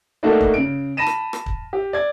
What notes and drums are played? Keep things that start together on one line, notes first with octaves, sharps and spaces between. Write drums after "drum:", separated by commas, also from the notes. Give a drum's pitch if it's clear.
A3 A#3 D4 D#4 F#4 D5
drum: kick
C#3 D7
A5 B5 A#6 D#7 E7
drum: rim click
drum: rim click
drum: kick
G4
D5 G#6